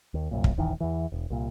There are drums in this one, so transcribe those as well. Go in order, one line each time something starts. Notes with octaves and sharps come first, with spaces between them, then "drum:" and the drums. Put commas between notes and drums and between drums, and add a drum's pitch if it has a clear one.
D#2
C2 F#2 A#2
drum: kick
D#1 G#1 D#3 E3
E2 E3
E1
C2 A#2